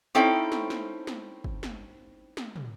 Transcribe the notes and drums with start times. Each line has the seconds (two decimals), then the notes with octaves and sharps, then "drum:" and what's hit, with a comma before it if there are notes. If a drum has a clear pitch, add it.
0.15 C4 C#4 D#4 E4 A4 G5
0.52 drum: snare
0.70 drum: snare
1.07 drum: snare
1.44 drum: kick G1
1.63 drum: snare
2.37 drum: snare
2.56 drum: tom